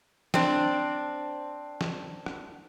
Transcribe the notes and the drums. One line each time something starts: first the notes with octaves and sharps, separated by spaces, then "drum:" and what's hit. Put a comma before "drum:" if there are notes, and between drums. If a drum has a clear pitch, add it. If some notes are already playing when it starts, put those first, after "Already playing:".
C4 D4, drum: snare
drum: snare
drum: rim click